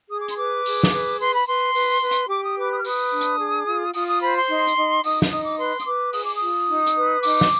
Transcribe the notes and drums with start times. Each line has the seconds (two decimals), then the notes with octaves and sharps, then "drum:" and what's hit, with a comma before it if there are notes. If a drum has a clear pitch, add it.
0.10 G#4 D#6
0.19 D6
0.28 C6, drum: hi-hat
0.37 B4 D6
0.65 G#4, drum: open hi-hat
0.83 drum: snare
0.93 B4
1.20 B4 C6
1.34 B5
1.47 B4 C6
1.75 B4, drum: open hi-hat
2.02 B4
2.11 drum: hi-hat
2.30 G4 D6
2.43 D#6
2.57 B4 D6
2.70 D#6
2.79 F6
2.85 B4 D#6, drum: open hi-hat
3.11 D4
3.21 drum: hi-hat
3.39 G#4
3.66 F4
3.94 F4 D#6, drum: open hi-hat
4.07 D#6
4.21 C5 B5
4.35 C6
4.49 D#4
4.67 drum: hi-hat
4.76 D#4
5.04 D#4 D#6, drum: open hi-hat
5.22 drum: snare
5.31 D#4 D#6
5.44 D6
5.59 B4 C6
5.80 D#6, drum: hi-hat
5.86 B4 D6
6.13 G#4 D#6, drum: open hi-hat
6.24 D6
6.36 D#6
6.41 F4
6.68 D#4
6.86 drum: hi-hat
6.96 B4
7.23 D#4 D6, drum: open hi-hat
7.41 drum: snare